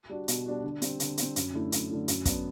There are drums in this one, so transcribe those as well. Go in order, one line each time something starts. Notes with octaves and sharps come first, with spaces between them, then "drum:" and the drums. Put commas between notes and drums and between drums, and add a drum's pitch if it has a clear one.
G3 D4 F#4
B2, drum: hi-hat
G3 D4 F#4
D3
G3 C4, drum: hi-hat
D3, drum: hi-hat
G3 C4, drum: hi-hat
F#2, drum: hi-hat
D3 A3 E4
F#2, drum: hi-hat
D3 A3 E4
F#2, drum: hi-hat
F#3 B3 D4, drum: kick, hi-hat